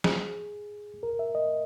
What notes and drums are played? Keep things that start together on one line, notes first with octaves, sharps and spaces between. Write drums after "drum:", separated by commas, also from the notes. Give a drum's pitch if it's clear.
G#4, drum: snare
A#4
E5
D#5